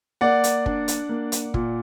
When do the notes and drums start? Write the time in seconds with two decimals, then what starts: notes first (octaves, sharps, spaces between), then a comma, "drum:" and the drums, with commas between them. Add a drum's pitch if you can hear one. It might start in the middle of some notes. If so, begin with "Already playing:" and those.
0.21 A#3 D5 F#5
0.44 drum: hi-hat
0.66 D4, drum: kick
0.88 drum: hi-hat
1.09 A#3
1.32 drum: hi-hat
1.54 A#2, drum: kick